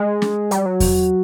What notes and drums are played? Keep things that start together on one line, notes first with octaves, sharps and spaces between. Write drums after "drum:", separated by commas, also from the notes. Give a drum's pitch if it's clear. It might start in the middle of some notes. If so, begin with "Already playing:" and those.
Already playing: G#3
drum: snare
G3, drum: hi-hat
F#3
drum: kick E2, open hi-hat